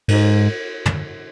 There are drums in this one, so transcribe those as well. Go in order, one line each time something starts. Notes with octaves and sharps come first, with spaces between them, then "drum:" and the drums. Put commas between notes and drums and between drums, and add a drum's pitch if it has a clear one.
G#2, drum: cymbal
drum: tom